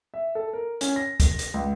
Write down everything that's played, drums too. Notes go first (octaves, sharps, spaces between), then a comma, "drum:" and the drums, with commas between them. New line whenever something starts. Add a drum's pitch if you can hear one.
E5
A4
A#4
C#4, drum: hi-hat
A#6
drum: kick, hi-hat
drum: hi-hat
C#2